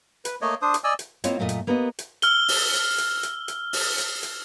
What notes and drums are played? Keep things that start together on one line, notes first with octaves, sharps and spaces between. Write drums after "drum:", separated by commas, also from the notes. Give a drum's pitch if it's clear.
B4, drum: hi-hat
A3 A#3 C#5 D#5
D4 C5 D#6
drum: hi-hat
D5 D#5 G#5 E6
drum: hi-hat
A#3 C4 E4 F4 C#5 D#5, drum: hi-hat
F#2 A#2 A3 G#4 D#5
drum: hi-hat
A#3 B3 G4 A#4 D5 D#5
drum: hi-hat
E6 F6 G7, drum: hi-hat
drum: open hi-hat
drum: hi-hat
drum: hi-hat
drum: hi-hat
drum: hi-hat
drum: open hi-hat
drum: hi-hat
drum: hi-hat